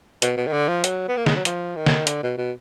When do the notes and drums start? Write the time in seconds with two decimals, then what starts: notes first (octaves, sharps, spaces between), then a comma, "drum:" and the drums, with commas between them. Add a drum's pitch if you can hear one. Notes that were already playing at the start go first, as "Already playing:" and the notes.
0.22 B2, drum: hi-hat
0.37 B2
0.47 D#3
0.53 D3
0.68 F3
0.84 F#3, drum: hi-hat
1.08 B3
1.17 A#3
1.26 G#3, drum: snare
1.36 F#3
1.45 F3, drum: hi-hat
1.76 D#3
1.86 drum: snare
2.07 D3, drum: hi-hat
2.23 B2
2.38 B2